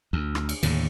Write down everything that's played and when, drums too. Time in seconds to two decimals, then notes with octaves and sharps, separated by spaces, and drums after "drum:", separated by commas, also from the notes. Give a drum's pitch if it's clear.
0.13 D2
0.35 drum: rim click
0.49 drum: cymbal
0.63 D#2 A2 D3, drum: cymbal